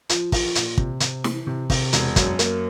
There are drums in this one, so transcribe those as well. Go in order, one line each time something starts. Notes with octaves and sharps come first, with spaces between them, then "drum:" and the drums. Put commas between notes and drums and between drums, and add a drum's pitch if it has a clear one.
F3, drum: hi-hat
F3, drum: kick, open hi-hat
A#2, drum: hi-hat
C3, drum: kick
C3, drum: hi-hat
E3, drum: snare
C3
C3, drum: kick, open hi-hat
E1, drum: hi-hat
F#2, drum: kick, hi-hat
A#3, drum: hi-hat